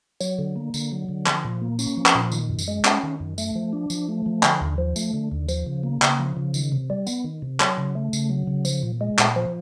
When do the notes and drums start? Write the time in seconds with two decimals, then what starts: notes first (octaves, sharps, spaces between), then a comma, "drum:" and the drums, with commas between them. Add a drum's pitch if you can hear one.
0.21 F#3, drum: tambourine
0.39 D3
0.56 A#3
0.74 D3, drum: tambourine
0.92 F#3
1.09 D3
1.26 F3, drum: clap
1.45 A#2
1.62 A#3
1.79 C#4, drum: tambourine
1.97 F3
2.06 drum: clap
2.15 A#2
2.32 D#3, drum: tambourine
2.49 F#2
2.59 drum: tambourine
2.68 G#3
2.85 C#4, drum: clap
3.03 D#3
3.20 F#2
3.38 A3, drum: tambourine
3.55 F3
3.73 D4
3.90 F3, drum: tambourine
4.09 A3
4.26 F3
4.43 D3, drum: clap
4.61 D#2
4.78 F3
4.96 A3, drum: tambourine
5.14 D3
5.31 D#2
5.49 F3, drum: tambourine
5.67 C#3
5.83 A#3
6.02 C#3, drum: clap
6.19 F3
6.37 C#3
6.54 D#3, drum: tambourine
6.72 C3
6.90 G3
7.07 B3, drum: tambourine
7.24 D#3
7.42 C3
7.60 F#3, drum: clap
7.78 C#3
7.95 A3
8.13 C#3, drum: tambourine
8.30 F#3
8.47 C#3
8.65 F3, drum: tambourine
8.83 A#2
9.01 G#3
9.19 A#2, drum: clap
9.36 F3